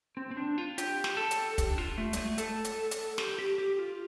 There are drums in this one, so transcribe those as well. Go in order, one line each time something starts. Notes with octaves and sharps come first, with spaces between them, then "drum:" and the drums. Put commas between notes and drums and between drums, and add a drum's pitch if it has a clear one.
C4
C4
D4
F4
G4, drum: hi-hat
drum: snare
A4
drum: hi-hat
G4, drum: kick, hi-hat
D4
F4
A3
G3, drum: hi-hat
A3
A4, drum: hi-hat
drum: hi-hat
drum: hi-hat
G4, drum: snare
G4
G4
F4